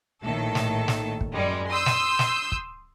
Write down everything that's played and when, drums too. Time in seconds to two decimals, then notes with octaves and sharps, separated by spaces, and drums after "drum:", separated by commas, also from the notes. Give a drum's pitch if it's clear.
0.24 A#1 A2 D#3 A4
0.55 drum: snare
0.88 drum: snare
1.21 drum: kick
1.33 F#2 G3 G#3
1.70 C6 D#6 E6 G6
1.86 drum: snare
2.19 drum: snare
2.52 drum: kick